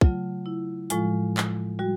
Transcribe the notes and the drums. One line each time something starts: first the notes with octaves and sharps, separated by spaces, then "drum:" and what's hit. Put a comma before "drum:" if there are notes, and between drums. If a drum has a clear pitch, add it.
C#3 F#3 A3 F4, drum: kick
E4
A2 F3 G#3 F4, drum: hi-hat
drum: clap
G3 F#4